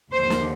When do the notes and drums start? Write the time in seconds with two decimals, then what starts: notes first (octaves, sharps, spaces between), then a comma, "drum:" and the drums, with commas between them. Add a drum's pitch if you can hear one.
0.11 D#2 D3 F3 C5
0.30 drum: snare